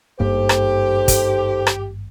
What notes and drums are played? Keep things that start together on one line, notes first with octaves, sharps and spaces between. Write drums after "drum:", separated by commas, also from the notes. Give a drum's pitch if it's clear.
G#1 G2 A#3 D#4 G4 A4 C5
drum: rim click
drum: kick, hi-hat
drum: rim click